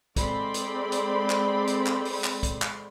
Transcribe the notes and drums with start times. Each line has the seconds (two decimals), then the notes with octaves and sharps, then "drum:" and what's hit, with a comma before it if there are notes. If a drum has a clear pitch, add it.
0.16 G#3 C4 A4 D5 B5 C6, drum: kick, hi-hat
0.54 drum: hi-hat
0.92 drum: hi-hat
1.30 drum: clap
1.67 drum: hi-hat
1.86 drum: clap
2.05 drum: open hi-hat
2.24 drum: clap
2.43 drum: kick, hi-hat
2.62 drum: clap